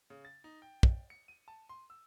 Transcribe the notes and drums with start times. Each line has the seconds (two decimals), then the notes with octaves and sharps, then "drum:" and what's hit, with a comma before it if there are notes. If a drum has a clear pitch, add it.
0.10 C#3
0.25 A6
0.44 D#4
0.62 G5
0.83 drum: kick
1.10 C#7
1.28 D#7
1.48 A5
1.69 C6
1.90 E6